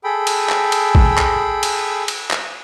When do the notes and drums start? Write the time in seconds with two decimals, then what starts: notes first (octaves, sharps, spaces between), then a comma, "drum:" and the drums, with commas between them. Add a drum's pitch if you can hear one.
0.04 G#4 A4 G5 B5
0.27 drum: cymbal
0.49 drum: clap
0.72 drum: cymbal
0.95 drum: kick A1
1.17 drum: clap
1.63 drum: cymbal
2.08 drum: cymbal
2.31 drum: clap